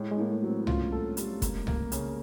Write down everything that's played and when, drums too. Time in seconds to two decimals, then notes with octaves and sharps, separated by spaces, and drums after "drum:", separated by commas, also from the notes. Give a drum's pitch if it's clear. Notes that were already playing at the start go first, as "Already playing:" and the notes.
Already playing: A2 G#3
0.11 G#3
0.17 A2 A#3
0.30 A3
0.43 F#3
0.48 C4
0.67 C#4 F4, drum: tom C2
0.92 A4
1.17 G3, drum: hi-hat
1.42 A#3, drum: kick, hi-hat
1.67 A#3, drum: tom C2
1.92 C#3, drum: hi-hat